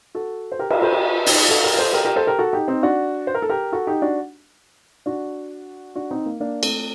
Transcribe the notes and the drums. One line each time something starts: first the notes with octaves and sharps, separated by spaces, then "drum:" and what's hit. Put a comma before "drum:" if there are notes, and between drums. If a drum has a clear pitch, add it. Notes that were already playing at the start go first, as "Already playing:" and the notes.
F#4 A4
C5
G4 A#4
G4 A#4, drum: cymbal
A4 C5
G4 A#4
D#4 G4, drum: open hi-hat
F#4 A4
G4 A#4
A#4
A4 C5
G4 A#4
G4 A#4
A4 C5
G4 A#4
F#4 A4
D#4 G4
C4 D#4
D4 F#4
C5
A#4
A4
G4 A#4
F#4 A4
D#4 G4
D4 F#4
D4 F#4
D4 F#4
C4 D#4
A#3
A#3 D4
A3 C4, drum: cymbal